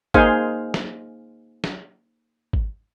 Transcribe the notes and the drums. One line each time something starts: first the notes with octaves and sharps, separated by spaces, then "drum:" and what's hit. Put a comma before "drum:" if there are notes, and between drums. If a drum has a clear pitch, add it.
A#3 D#4 G#4 C5 F5 G#5, drum: kick G#1
drum: snare
drum: snare
drum: kick G#1